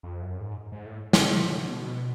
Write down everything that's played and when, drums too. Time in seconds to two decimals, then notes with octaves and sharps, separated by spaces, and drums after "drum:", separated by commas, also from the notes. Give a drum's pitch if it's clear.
0.03 F2
0.22 F#2
0.41 G#2
0.72 G#2
0.86 A2
1.13 C#3, drum: snare
1.32 F3
1.50 D3
1.68 B2